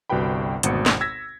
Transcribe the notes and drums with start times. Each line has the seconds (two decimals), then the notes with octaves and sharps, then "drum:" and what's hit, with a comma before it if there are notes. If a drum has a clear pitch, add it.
0.10 G1 C2 F#4 B4 G5 B5
0.63 G#1 D2 B2 B3 C#7, drum: hi-hat
0.86 drum: snare
1.01 E6 G#6 A#6 B6